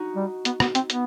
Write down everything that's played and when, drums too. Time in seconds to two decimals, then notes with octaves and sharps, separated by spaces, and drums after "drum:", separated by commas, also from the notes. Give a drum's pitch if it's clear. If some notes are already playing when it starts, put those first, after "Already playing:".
Already playing: D#4 F#4
0.16 G3
0.45 B3, drum: hi-hat
0.60 B3, drum: rim click
0.75 C4, drum: hi-hat
0.90 B3, drum: hi-hat